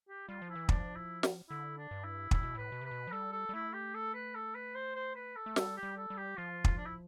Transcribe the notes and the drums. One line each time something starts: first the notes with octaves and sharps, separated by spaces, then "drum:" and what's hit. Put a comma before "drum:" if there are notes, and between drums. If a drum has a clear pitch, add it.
G4
G3 F4
F3
E4
E3
F3 D4, drum: kick
E4
drum: snare
D3 E4
D4
G2
E4
A2 E4, drum: kick
B2
A2 B4
B2
C3 B4
B2
F3
G3 A4
A4
G3
A3 E4
G4
A4
B4
A4
B4
C5
C5
B4
A4
A3
G3 A4, drum: snare
G4
G3
A4
G3
G4
F3 F4
drum: kick
D4
E4